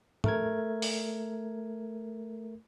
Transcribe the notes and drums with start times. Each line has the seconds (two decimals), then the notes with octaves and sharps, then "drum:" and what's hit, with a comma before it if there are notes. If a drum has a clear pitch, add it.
0.24 A3 A#4 G#6, drum: tom
0.82 drum: open hi-hat